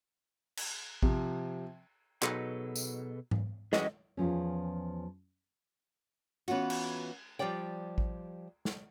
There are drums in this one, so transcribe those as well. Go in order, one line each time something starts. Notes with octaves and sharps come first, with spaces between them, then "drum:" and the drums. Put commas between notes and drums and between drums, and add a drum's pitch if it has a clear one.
drum: cymbal
C3 F3, drum: kick A1
B2 F#3 D#4 G#4 A4 B4, drum: clap
drum: tambourine
drum: tom G#2
E3 G3 G#3 C#4 F#4 G#4 C#5 D#5, drum: snare
E2 F3 C#4
E3 B3 C#4 F4 F#4, drum: cymbal
drum: cymbal
F3 G3 G4 D5 G5
drum: kick A1
drum: snare